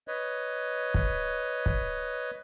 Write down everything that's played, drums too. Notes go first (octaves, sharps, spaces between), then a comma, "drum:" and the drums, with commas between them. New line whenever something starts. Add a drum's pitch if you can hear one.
B4 C#5 D#5
drum: kick
drum: kick